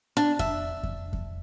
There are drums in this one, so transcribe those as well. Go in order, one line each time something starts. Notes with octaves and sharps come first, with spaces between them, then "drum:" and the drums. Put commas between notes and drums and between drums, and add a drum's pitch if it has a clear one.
D4
E5, drum: kick F2
drum: kick F2
drum: kick F2